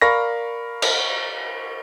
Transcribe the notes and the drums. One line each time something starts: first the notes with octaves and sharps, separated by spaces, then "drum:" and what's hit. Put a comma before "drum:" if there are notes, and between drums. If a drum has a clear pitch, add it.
A#4 D5 F5 B5 C#6 A#6
drum: cymbal